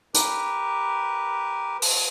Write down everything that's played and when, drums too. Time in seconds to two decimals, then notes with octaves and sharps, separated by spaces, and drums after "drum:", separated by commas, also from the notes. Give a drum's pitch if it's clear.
0.14 G4 A#4 B4, drum: hi-hat
1.82 drum: open hi-hat